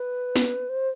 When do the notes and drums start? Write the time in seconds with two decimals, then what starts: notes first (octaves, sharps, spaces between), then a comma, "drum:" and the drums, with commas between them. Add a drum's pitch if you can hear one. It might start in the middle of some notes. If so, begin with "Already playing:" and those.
Already playing: B4
0.36 drum: snare
0.69 C5